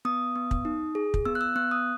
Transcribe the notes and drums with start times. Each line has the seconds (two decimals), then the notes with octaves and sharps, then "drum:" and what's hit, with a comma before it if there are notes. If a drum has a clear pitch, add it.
0.05 B3 D#6
0.36 B3
0.51 drum: kick
0.65 D#4
0.95 G#4
1.14 drum: kick
1.25 B3 E6
1.35 F#6
1.41 E6
1.56 B3 F#6
1.71 D#6